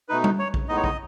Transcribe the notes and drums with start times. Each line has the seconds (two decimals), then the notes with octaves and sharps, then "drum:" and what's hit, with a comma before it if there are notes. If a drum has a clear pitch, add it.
0.09 B2 A3 D#4 B4
0.24 drum: tom G3
0.39 C#5
0.54 drum: kick A#1
0.68 A2 G#3 B3 D#4 D#5
0.77 C#5
0.84 D#5, drum: kick A#1